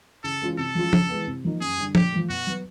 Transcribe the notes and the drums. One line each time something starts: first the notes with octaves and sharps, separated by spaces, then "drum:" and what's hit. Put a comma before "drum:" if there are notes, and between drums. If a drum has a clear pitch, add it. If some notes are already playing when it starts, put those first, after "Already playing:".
C#3 A4
E3 G#3 C#4 F4
C3 A4
F3 G#3 C#4 F4
C#3, drum: tom
E3 G#3 B3
C3
F3 A#3 D#4
F#2 G#4
D3 G3
A#2 G4, drum: tom
F3 A3
B2 F#4
F#3 B3